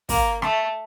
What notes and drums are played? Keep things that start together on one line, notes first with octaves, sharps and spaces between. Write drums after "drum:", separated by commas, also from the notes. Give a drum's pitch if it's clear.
A#3, drum: kick, open hi-hat
A3, drum: rim click